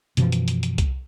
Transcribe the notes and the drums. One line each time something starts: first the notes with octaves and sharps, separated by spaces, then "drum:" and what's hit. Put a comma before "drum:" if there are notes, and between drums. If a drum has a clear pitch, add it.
F#2 B2 E3 F3, drum: hi-hat
drum: hi-hat
drum: hi-hat
drum: hi-hat
drum: kick C2, hi-hat